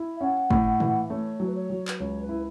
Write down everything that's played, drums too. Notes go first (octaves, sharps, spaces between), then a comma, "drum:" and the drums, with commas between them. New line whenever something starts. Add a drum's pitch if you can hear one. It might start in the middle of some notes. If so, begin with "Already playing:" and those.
Already playing: E4
E5
C#4 F#5
A2, drum: kick
E3, drum: tom A#2
A3 C#5
F#3
B4
C#5
F#3
B4, drum: clap
C#2 C#5
B4
E4